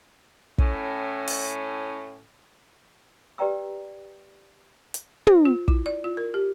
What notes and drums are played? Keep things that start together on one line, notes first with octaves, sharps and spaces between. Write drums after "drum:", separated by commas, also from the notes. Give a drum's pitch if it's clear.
A2 C#4, drum: kick
drum: open hi-hat
G4 B4 D5 G5 A#5 E6
drum: hi-hat
C5, drum: tom
F4
E4, drum: kick
D5
F4
A#4
G4